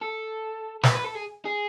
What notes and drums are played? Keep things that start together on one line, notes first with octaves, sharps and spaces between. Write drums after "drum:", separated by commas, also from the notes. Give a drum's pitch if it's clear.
A4
B4, drum: snare
B4
A4
G#4
G#4